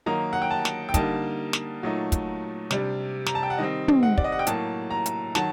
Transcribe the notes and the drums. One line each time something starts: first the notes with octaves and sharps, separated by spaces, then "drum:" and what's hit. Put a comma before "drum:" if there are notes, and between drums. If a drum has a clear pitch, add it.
D#3 F#3 A#3 D#4 A#5
F#5
G5
A5
drum: snare
G5
D3 G3 A#3 D#4 A5, drum: kick, hi-hat
drum: snare
A#2 F#3 A3 D#4
drum: kick, hi-hat
C3 G3 D4, drum: snare
A#5, drum: snare
A5
G5
F#5
D#3 G3 C4 D#5
drum: tom
F#5
D5, drum: kick
D#5
F#5
G5
A2 F#3 A#3 A5, drum: hi-hat
A#5
drum: hi-hat
D#3 F#3 A5, drum: snare